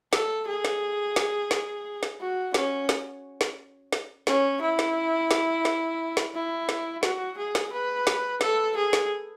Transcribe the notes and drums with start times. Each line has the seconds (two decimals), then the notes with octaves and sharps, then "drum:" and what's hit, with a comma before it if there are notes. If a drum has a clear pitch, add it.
0.13 A4, drum: snare
0.48 G#4
0.65 drum: snare
1.16 drum: snare
1.51 drum: snare
2.03 drum: snare
2.20 F#4
2.54 C#4, drum: snare
2.89 drum: snare
3.41 drum: snare
3.93 drum: snare
4.27 C#4, drum: snare
4.61 E4
4.79 drum: snare
5.31 drum: snare
5.65 drum: snare
6.17 drum: snare
6.34 E4
6.69 drum: snare
7.03 F#4, drum: snare
7.37 G#4
7.55 drum: snare
7.72 B4
8.07 drum: snare
8.41 A4, drum: snare
8.76 G#4
8.93 drum: snare